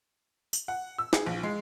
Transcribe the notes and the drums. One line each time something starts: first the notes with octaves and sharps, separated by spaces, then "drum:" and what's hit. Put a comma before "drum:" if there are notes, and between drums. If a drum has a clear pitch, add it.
drum: tambourine
F#5
E6
G#4, drum: snare
A#1
G#3